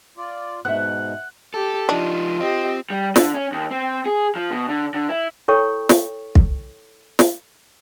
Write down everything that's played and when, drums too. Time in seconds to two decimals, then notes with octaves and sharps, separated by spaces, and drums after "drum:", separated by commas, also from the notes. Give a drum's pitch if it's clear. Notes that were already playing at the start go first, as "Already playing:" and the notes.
0.17 F4 D5
0.65 G#2 B2 C5 E5 F#5
1.54 G4 A4
1.89 F3 D4 D#4 F4
2.40 C4 G4 D#5
2.90 G3
3.16 D3, drum: snare
3.34 C#4
3.52 D#2
3.71 C4
4.06 G#4
4.35 F3
4.51 B2
4.69 D3
4.94 D3
5.09 E4
5.48 E4 A4 C#5 G5 C#6
5.89 drum: snare
6.35 drum: kick
7.19 drum: snare